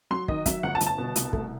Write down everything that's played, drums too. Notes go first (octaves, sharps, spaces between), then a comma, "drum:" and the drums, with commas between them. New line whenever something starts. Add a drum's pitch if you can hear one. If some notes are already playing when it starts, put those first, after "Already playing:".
F#3 C6
D#3 D#5, drum: kick
F#3 E5, drum: kick, hi-hat
G1 F#5
A5
G1, drum: hi-hat
A5
B2
C2, drum: hi-hat
A3, drum: kick